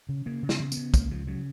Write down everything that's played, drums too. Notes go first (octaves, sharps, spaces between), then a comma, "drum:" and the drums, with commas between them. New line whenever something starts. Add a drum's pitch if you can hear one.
C#3
C#3 A#3
C#3
B3, drum: snare
C#3
B3, drum: tambourine
C#3
C#2 A#3, drum: kick, tambourine
C#3 F3
C#3 F#3